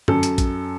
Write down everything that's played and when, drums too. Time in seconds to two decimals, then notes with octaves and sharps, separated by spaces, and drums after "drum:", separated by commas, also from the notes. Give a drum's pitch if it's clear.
0.08 F#2 A4, drum: tom G2
0.23 drum: hi-hat
0.38 drum: kick, hi-hat